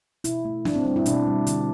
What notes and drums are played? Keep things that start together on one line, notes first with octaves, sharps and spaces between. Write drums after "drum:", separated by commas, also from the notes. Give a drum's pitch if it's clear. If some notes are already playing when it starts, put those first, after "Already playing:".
B2 E4, drum: hi-hat
A3
D3 D4, drum: snare
C4
G3 D4
E4
B2 D4, drum: hi-hat
G3
D3, drum: hi-hat